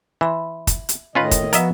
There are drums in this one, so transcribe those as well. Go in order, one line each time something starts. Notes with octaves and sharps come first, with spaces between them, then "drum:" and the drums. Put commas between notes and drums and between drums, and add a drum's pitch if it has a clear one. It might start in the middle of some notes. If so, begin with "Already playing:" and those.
E3 E5 B5 C6
drum: kick, hi-hat
drum: hi-hat
A2 D#3 C#4 F4 B4 D#5 C6
drum: kick, hi-hat
F3 B3 F#4 A#4 D#5 E5, drum: hi-hat